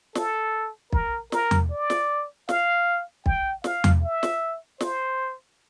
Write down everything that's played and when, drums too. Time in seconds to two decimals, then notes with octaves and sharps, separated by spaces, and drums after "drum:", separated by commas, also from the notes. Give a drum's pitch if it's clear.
0.15 A4, drum: snare
0.93 A#4, drum: kick
1.32 A#4, drum: snare
1.51 drum: tom E2
1.71 D5
1.90 drum: snare
2.49 F5, drum: snare
3.26 G5, drum: kick
3.64 F5, drum: snare
3.84 drum: tom E2
4.03 E5
4.23 drum: snare
4.81 C5, drum: snare